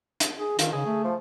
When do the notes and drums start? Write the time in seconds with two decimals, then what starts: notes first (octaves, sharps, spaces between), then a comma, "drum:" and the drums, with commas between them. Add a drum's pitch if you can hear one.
0.20 drum: hi-hat
0.38 G#4
0.59 D#3 F4, drum: hi-hat
0.73 C#3 G#4
0.86 A3
1.05 F3